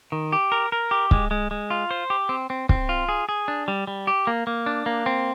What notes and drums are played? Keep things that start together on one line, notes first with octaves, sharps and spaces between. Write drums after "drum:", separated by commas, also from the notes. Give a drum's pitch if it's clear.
D#3
G4
A#4
A#4
G4
G#3, drum: kick
G#3
G#3
F4
C5
G4
C4
C4
C4, drum: kick
F4
G#4
G#4
D4
G3
G3
G4
A#3
A#3
D4
A#3
C4